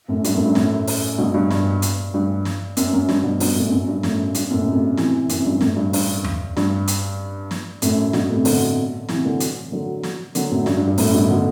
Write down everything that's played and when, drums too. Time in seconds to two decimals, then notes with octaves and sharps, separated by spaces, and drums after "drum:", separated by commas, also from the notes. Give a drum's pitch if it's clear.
0.08 F#2 A2
0.24 G2, drum: hi-hat
0.34 F#2 A2
0.45 G2
0.55 F#2 A2, drum: snare
0.87 drum: open hi-hat
1.18 G2 B2
1.34 G2
1.50 G2, drum: snare
1.82 drum: hi-hat
2.14 G2
2.45 drum: snare
2.77 F#2, drum: hi-hat
2.93 F#2
3.09 G2, drum: snare
3.24 G2 B2
3.40 G2 B2, drum: open hi-hat
3.56 F#2 A2
3.71 F#2
3.88 G2
4.03 F#2 A2, drum: snare
4.35 G2, drum: hi-hat
4.50 F#2 A2
4.62 B2
4.66 A2 C3
4.97 C3 E3, drum: snare
5.29 F#2, drum: hi-hat
5.46 G2
5.61 F#2 A2, drum: snare
5.76 G2
5.93 G2, drum: open hi-hat
6.24 drum: tom E2
6.57 G2, drum: snare
6.88 drum: hi-hat
7.51 drum: snare
7.82 F#2 A2, drum: hi-hat
8.13 G2 B2, drum: snare
8.29 A2 C3
8.45 B2 D3, drum: open hi-hat
9.09 C3 E3, drum: snare
9.25 D3 F#3
9.40 drum: hi-hat
9.72 D3 F#3
10.03 drum: snare
10.35 D3 F#3, drum: hi-hat
10.51 F#2 A2
10.66 G2, drum: snare
10.77 G2
10.87 G2
10.98 F#2 A2, drum: open hi-hat
11.14 G2 B2
11.30 B2 D3